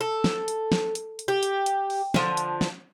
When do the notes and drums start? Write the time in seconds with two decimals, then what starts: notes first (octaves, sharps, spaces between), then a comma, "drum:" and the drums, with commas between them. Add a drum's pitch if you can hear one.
0.01 A4
0.24 drum: snare
0.48 drum: hi-hat
0.72 drum: snare
0.95 drum: hi-hat
1.19 drum: hi-hat
1.28 G4
1.43 drum: hi-hat
1.66 drum: hi-hat
1.90 drum: open hi-hat
2.14 D3 F3, drum: snare
2.37 drum: hi-hat
2.61 drum: snare